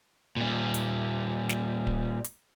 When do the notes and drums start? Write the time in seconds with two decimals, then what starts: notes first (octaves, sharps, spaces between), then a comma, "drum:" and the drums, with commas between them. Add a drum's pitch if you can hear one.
0.37 A#2 G3
0.74 drum: hi-hat
1.49 drum: snare
1.87 drum: kick D1
2.24 drum: hi-hat